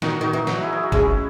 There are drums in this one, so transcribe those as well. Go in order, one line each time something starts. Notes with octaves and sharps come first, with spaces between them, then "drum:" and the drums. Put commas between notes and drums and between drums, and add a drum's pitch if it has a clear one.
D#3 D#4 F#4, drum: snare
D#3 D#4 F#4
E3
F#3, drum: snare
E4 G#4
E4 G#4
D#4 F#4
G#3 C#4 E4, drum: kick